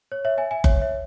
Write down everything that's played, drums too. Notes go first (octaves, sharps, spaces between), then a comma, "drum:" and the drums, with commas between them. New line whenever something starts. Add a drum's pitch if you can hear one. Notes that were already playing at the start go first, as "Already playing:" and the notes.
C#5
C#5 E5
E5 G#5
E5 G#5
C#5 E5, drum: kick F#1
C#5 E5